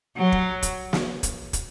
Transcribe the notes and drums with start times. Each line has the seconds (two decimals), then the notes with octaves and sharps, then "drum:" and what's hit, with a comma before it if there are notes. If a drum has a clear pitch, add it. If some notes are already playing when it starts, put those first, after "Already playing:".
0.17 F#3
0.32 drum: kick
0.63 drum: kick, hi-hat
0.93 drum: snare
1.23 drum: kick, hi-hat
1.53 drum: kick, hi-hat